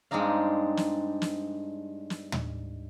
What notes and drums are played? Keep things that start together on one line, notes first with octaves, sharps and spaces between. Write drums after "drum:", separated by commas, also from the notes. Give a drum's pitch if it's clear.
G2 G#3 C4 D4 D#4 F5
drum: snare
drum: snare
drum: snare
drum: tom